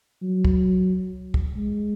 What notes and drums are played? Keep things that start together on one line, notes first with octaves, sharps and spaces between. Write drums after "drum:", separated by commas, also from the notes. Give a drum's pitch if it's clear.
F#3
drum: kick
drum: kick
G#3